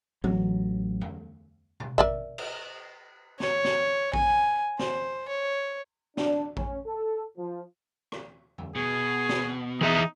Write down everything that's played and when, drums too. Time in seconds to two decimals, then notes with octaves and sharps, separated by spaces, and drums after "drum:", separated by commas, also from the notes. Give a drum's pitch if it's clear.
0.24 A1 F#3, drum: tom E3
1.01 drum: tom F2
1.80 drum: tom B2
1.98 A#4 D5 E5, drum: kick A1
2.38 drum: cymbal
3.40 C#5, drum: snare
3.65 drum: snare
4.14 G#5, drum: kick A1
4.79 C5, drum: snare
5.28 C#5
6.17 D4, drum: snare
6.57 C#4, drum: kick A1
6.87 A4
7.38 F3
8.12 drum: rim click
8.58 drum: tom F2
8.75 B2 G#4
9.29 drum: snare
9.81 E3 D#4 G#4 E5